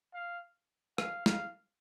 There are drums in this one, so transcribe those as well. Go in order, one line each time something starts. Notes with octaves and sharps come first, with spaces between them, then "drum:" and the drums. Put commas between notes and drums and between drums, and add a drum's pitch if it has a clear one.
F5
F5, drum: rim click
F5, drum: snare